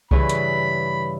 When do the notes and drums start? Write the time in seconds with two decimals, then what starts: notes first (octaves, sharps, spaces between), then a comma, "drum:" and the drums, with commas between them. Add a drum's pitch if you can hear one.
0.11 G2 C#3 E3 B5, drum: kick C2
0.29 drum: hi-hat